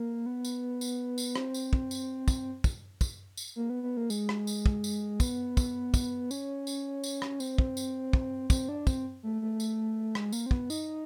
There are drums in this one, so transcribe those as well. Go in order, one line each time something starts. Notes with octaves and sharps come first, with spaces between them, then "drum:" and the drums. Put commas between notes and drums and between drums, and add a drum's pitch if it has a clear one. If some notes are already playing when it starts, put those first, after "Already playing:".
Already playing: A#3
B3
drum: tambourine
drum: tambourine
drum: tambourine
C4, drum: rim click
drum: tambourine
drum: kick
drum: tambourine
drum: kick, tambourine
drum: kick, tambourine
drum: kick, tambourine
drum: tambourine
A#3
B3
B3
A#3
G#3, drum: tambourine
drum: rim click
drum: tambourine
drum: kick
drum: tambourine
B3, drum: kick, tambourine
drum: kick, tambourine
drum: kick, tambourine
C#4, drum: tambourine
drum: tambourine
drum: tambourine
drum: rim click
C4, drum: tambourine
drum: kick
drum: tambourine
drum: kick
C4, drum: kick, tambourine
D4
C4, drum: kick, tambourine
A3
A3
drum: tambourine
G#3, drum: rim click
A#3, drum: tambourine
C4
B3, drum: kick
D#4, drum: tambourine